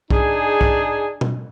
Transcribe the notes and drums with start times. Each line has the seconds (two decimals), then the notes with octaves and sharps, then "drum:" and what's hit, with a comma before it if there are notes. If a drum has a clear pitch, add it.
0.10 D4 D#4 G#4, drum: kick
0.61 drum: kick
1.21 drum: tom B2